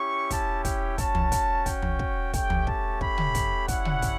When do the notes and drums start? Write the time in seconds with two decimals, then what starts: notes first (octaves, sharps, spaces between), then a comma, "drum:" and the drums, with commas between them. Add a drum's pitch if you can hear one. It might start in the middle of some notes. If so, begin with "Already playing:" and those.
Already playing: C#4 E4 G4 C#6
0.30 A5, drum: kick, hi-hat
0.65 G5, drum: kick, hi-hat
0.98 C#4 F#4 A5, drum: kick, hi-hat
1.15 drum: tom
1.32 drum: kick, hi-hat
1.66 G5, drum: kick, hi-hat
1.82 drum: tom
1.99 drum: kick
2.33 A3 C#4 G4 G5, drum: kick, hi-hat
2.50 drum: tom
2.67 A5, drum: kick
3.01 B5, drum: kick
3.18 drum: tom
3.35 drum: kick, hi-hat
3.68 G3 C#4 E4 F#5, drum: kick, hi-hat
3.85 drum: tom
4.02 drum: kick, hi-hat